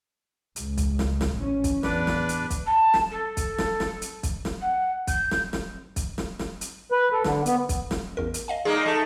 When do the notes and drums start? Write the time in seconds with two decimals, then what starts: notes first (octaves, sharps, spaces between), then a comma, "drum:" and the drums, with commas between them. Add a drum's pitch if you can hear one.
0.56 C#2, drum: hi-hat
0.77 drum: kick, hi-hat
0.99 drum: snare
1.21 drum: snare
1.35 A1 C#4
1.64 drum: kick, hi-hat
1.83 E2 A2 D4 B4 D5, drum: snare
2.07 drum: snare
2.29 drum: hi-hat
2.50 drum: kick, hi-hat
2.66 A5
2.94 drum: snare
3.10 A4
3.37 drum: kick, hi-hat
3.58 drum: snare
3.80 drum: snare
4.02 drum: hi-hat
4.23 drum: kick, hi-hat
4.45 drum: snare
4.61 F#5
5.07 G6, drum: kick, hi-hat
5.31 drum: snare
5.53 drum: snare
5.96 drum: kick, hi-hat
6.18 drum: snare
6.39 drum: snare
6.61 drum: hi-hat
6.92 B4
7.13 A4
7.24 D3, drum: snare
7.46 B3, drum: hi-hat
7.69 drum: kick, hi-hat
7.91 drum: snare
8.17 A1 E2 A#4
8.34 drum: hi-hat
8.48 D#5 F5 G#5
8.65 G#3 A#3 D#4 G#4 D5
8.86 A3